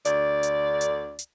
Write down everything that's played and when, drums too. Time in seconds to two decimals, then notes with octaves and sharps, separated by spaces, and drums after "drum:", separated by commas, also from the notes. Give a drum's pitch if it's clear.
0.05 D2 D3 D5, drum: hi-hat
0.43 drum: hi-hat
0.81 drum: hi-hat
1.19 drum: hi-hat